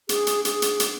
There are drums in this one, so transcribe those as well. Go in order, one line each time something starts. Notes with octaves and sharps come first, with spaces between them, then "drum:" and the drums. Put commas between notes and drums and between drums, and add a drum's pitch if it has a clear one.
G#4, drum: hi-hat
drum: hi-hat
G#4, drum: hi-hat
drum: hi-hat
drum: hi-hat